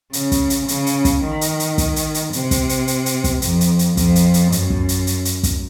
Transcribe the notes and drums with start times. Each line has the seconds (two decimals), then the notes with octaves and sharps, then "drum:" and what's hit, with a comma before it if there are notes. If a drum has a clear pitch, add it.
0.13 C#3, drum: hi-hat
0.32 drum: kick, hi-hat
0.50 drum: hi-hat
0.68 C#3, drum: hi-hat
0.86 drum: hi-hat
1.05 drum: kick, hi-hat
1.23 D#3
1.41 drum: hi-hat
1.60 drum: hi-hat
1.78 drum: kick, hi-hat
1.96 drum: hi-hat
2.14 drum: hi-hat
2.33 C3, drum: hi-hat
2.51 drum: kick, hi-hat
2.69 drum: hi-hat
2.88 drum: hi-hat
3.06 drum: hi-hat
3.24 drum: kick, hi-hat
3.42 F2, drum: hi-hat
3.61 drum: hi-hat
3.79 drum: hi-hat
3.97 F2, drum: kick, hi-hat
4.15 drum: hi-hat
4.34 drum: hi-hat
4.52 F#2, drum: hi-hat
4.70 drum: kick
4.89 drum: hi-hat
5.07 drum: hi-hat
5.25 drum: hi-hat
5.43 drum: kick, hi-hat